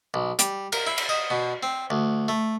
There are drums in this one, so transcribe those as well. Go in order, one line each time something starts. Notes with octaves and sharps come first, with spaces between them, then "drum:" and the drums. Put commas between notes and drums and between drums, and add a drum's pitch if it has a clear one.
B1
G3, drum: hi-hat
A#4, drum: cymbal
E4
drum: cymbal
D#5
B2
C4
D2
A3